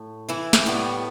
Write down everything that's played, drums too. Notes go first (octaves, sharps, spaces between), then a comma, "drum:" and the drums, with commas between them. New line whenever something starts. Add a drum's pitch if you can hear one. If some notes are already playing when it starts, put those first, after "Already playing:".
Already playing: A2
E3 E4
drum: snare
A2 G3 B3